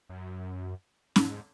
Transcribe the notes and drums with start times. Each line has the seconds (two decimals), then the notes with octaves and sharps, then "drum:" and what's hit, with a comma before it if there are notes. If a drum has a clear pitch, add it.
0.09 F#2
1.16 G#2, drum: snare C#4